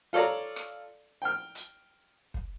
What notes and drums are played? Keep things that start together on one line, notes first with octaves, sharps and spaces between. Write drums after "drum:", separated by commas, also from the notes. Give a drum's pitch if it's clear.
F4 A4 C#5 D5 A#5
drum: rim click
G5 F6
drum: hi-hat
drum: kick